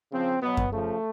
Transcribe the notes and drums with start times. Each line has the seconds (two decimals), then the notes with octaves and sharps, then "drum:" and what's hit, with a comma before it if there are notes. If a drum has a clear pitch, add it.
0.12 C#3 F3 C4
0.42 B2 F#3 B3
0.57 drum: kick F#2
0.72 C#3 F3 A3